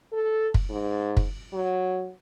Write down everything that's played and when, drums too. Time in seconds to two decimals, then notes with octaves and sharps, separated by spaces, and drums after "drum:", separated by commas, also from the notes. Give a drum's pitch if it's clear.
0.13 A4
0.54 drum: kick
0.70 G#2
1.17 drum: kick
1.53 F#3